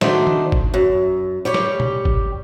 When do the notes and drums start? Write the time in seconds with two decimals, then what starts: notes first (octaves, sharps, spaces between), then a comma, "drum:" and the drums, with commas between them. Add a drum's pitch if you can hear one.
0.01 D#3 A3 D4 F#4 C5, drum: snare
0.27 drum: tom D#3
0.52 drum: kick
0.74 F#2
1.45 G3 G4 C#5
1.54 drum: snare
1.80 drum: tom B2
2.05 drum: kick